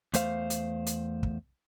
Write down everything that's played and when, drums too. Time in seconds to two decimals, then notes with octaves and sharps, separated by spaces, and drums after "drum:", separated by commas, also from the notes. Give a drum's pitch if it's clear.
0.14 E2 A3 C5 F5, drum: hi-hat
0.50 drum: hi-hat
0.86 drum: hi-hat
1.23 drum: kick